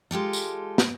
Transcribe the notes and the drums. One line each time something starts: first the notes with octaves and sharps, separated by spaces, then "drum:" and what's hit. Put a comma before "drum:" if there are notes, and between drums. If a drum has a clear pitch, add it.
G#3 F4 G4 A4
drum: tambourine
drum: snare